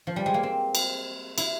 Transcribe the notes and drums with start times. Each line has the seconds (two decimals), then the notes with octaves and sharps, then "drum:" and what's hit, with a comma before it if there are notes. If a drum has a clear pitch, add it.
0.07 F3
0.16 G3
0.26 G#3
0.34 A#3
0.43 C4
0.75 drum: cymbal
1.38 E4, drum: cymbal